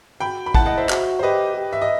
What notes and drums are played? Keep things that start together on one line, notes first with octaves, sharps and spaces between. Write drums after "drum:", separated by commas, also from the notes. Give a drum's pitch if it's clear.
F#4 G5 B5
B5
E4 F#5 A5, drum: kick
D#5 F#5
C5 E5
F#4, drum: clap
C5
G4 B4 D#5
G4
E5
D#5